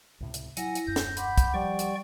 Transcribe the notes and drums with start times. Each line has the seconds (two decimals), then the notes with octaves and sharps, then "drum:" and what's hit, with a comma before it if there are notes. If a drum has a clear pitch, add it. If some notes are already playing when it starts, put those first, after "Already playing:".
0.20 C#2 A2 C3
0.34 drum: hi-hat
0.57 F#3 E4 F#5 G#5 A#6, drum: hi-hat
0.75 drum: hi-hat
0.86 D#1 F#2 G6
0.96 drum: snare
1.17 F#5 B5 C6 D6, drum: hi-hat
1.38 drum: kick, hi-hat
1.54 F3 G3 D5 G5 C#6
1.79 drum: hi-hat